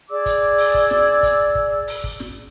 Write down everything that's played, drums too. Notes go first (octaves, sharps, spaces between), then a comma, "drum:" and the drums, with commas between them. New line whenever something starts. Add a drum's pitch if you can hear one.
G#4 D5 D6 E6
drum: kick, hi-hat
drum: open hi-hat
drum: kick
drum: snare
drum: kick, hi-hat
drum: kick
drum: open hi-hat
drum: kick
drum: snare